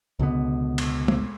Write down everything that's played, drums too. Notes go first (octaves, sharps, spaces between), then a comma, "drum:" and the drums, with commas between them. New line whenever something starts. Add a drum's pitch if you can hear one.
C#2 B2 D3 B3
drum: cymbal
drum: tom G#3